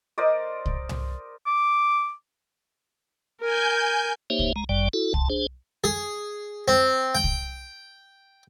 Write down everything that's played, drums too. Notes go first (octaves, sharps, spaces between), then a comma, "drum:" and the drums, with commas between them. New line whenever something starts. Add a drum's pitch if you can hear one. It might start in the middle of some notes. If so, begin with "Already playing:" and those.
A#4 C5 D5 D#5
drum: kick C2
drum: tom C2
D6
A#4 G#5 G6
A#3 D#4 G4 C5 C#5 E5
drum: kick C2
G#3 A#5
G1 F#2 G3 D5 G5
E4 F#4 A4
C2 A5, drum: kick C2
D4 G#4 C5
G#4
C4
G5
drum: kick C2